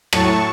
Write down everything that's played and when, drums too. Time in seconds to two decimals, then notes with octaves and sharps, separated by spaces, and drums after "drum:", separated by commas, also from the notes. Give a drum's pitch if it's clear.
0.13 A2 F#3 A5 C#6, drum: rim click